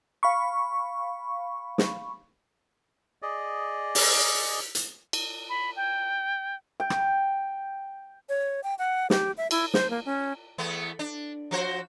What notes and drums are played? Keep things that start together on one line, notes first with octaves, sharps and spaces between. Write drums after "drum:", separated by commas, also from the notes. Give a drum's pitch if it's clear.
F5 B5 C#6
drum: snare
G#4 D5 D#5
drum: open hi-hat
drum: hi-hat
drum: cymbal
B5
G5
G5
drum: rim click
C#5
G5
F#5
G4, drum: snare
E5
E4, drum: cymbal
C5, drum: snare
A#3
C#4
E2 A3 B3
D4
F3 F#4 C5